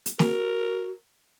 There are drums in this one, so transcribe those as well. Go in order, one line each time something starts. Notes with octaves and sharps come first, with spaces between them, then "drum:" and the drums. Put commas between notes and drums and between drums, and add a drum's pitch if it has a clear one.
drum: hi-hat
F#4 A#4, drum: snare